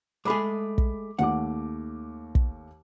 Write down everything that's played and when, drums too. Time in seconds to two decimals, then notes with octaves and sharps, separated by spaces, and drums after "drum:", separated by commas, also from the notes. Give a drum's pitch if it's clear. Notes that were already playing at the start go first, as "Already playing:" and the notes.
0.25 G#3 A3 G#4 B5 D6
0.78 drum: kick
1.19 D#2 A3 F#5 D6
2.35 drum: kick